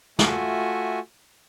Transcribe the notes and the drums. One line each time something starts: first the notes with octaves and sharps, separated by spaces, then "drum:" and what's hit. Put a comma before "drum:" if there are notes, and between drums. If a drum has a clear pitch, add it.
A3 F4 F#4 E5 F#5 G#5, drum: snare